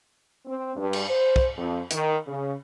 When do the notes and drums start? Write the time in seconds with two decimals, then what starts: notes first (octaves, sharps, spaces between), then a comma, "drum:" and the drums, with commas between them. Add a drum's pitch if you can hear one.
0.46 C4
0.76 G2
0.93 drum: cymbal
1.09 C5
1.36 drum: kick
1.56 F2
1.91 D#3, drum: hi-hat
2.27 C#3